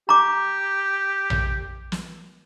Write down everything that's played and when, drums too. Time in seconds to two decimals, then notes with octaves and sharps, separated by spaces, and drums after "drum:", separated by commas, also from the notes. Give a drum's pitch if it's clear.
0.09 G4 A#5 D6
1.30 drum: tom A#1
1.92 drum: snare